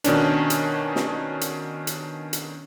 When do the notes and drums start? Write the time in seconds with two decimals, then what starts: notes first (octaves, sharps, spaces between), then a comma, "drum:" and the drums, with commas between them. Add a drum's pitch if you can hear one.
0.04 B2 D#3 C#4 D4, drum: hi-hat
0.50 drum: hi-hat
0.96 drum: snare
1.41 drum: hi-hat
1.87 drum: hi-hat
2.33 drum: hi-hat